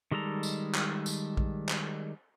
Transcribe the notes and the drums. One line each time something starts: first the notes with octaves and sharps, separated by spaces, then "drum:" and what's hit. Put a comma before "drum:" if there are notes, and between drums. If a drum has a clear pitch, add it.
D#3 G3 G#3 A4 A#5
drum: tambourine
drum: clap
drum: tambourine
drum: kick A#1
drum: clap